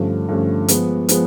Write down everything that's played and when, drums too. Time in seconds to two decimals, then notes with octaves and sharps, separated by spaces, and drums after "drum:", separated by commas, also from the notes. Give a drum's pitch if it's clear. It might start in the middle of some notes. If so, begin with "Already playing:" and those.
Already playing: G2 D3 F3 A3 C#4
0.28 G2 D3 F3 A3 C#4
0.68 F3 G#3 B3, drum: hi-hat
1.09 F3 G#3 B3, drum: hi-hat